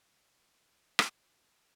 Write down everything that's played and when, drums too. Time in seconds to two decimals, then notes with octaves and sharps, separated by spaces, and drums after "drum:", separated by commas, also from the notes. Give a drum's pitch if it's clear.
0.19 D2 C#3 E3 F3 C#4 C5
0.99 drum: rim click